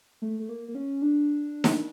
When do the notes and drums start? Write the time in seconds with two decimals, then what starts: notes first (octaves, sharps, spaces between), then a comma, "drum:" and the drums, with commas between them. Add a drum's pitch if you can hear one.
0.22 A3
0.40 A3
0.49 A#3
0.68 A#3
0.75 C#4
1.02 D4
1.64 drum: snare D#4